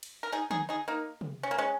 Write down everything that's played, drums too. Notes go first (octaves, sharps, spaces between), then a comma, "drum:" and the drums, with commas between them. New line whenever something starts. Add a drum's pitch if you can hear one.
drum: cymbal
A#4
D#4 G#4
D#4 G#4, drum: tom
D#4 G#4
A#3 D#4
drum: tom C3
C#4
A#3
G#3 C#4